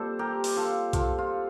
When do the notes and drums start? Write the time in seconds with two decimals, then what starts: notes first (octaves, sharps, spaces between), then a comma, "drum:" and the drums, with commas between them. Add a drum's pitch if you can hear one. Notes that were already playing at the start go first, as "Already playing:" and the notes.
Already playing: A#2 G3 C4 A4 C5 D5 E5
0.19 G4 A#4
0.44 drum: open hi-hat
0.56 F4 A4
0.93 F4 A4, drum: kick B1, hi-hat
1.18 F4